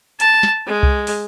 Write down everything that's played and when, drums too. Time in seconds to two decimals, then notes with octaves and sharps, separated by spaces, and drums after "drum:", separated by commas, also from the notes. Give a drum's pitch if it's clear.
0.20 A5, drum: hi-hat
0.43 drum: snare
0.67 G#3
0.83 drum: kick C2
1.07 drum: open hi-hat